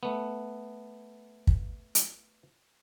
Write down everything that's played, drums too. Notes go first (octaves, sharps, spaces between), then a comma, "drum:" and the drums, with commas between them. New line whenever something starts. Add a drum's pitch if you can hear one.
A3 B3
drum: kick
drum: hi-hat